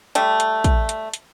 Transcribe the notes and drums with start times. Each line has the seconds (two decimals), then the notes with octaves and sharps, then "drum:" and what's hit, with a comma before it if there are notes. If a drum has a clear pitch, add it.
0.15 G3 A3, drum: hi-hat
0.40 drum: hi-hat
0.64 drum: kick, hi-hat
0.89 drum: hi-hat
1.14 drum: hi-hat